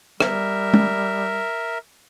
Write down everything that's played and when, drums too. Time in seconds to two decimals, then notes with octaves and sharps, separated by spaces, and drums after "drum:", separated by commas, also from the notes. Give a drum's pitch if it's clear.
0.20 G3 A#4 E5, drum: rim click
0.74 drum: tom G#3